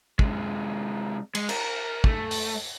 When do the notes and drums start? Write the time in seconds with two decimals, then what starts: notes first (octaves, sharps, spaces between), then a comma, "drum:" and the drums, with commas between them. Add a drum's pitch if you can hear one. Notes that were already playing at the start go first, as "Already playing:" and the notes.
0.19 C3 G#3, drum: kick
1.35 G#3, drum: cymbal
1.49 A#4, drum: cymbal
2.04 A3, drum: kick
2.31 drum: open hi-hat